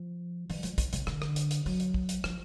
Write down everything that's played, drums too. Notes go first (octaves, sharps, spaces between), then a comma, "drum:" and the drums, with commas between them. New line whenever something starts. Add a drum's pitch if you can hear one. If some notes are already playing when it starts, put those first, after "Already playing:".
Already playing: F3
E3, drum: open hi-hat
F3, drum: hi-hat
D#3, drum: kick, hi-hat
C#3, drum: hi-hat
D3, drum: rim click
drum: rim click
drum: hi-hat
drum: hi-hat
F#3, drum: open hi-hat
drum: hi-hat
drum: kick
drum: hi-hat
F3, drum: rim click